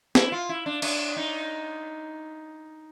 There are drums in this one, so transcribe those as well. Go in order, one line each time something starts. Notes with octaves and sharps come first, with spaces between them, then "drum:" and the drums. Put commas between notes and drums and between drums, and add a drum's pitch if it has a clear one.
E4, drum: snare
F4
E4
D4
D4, drum: cymbal
D#4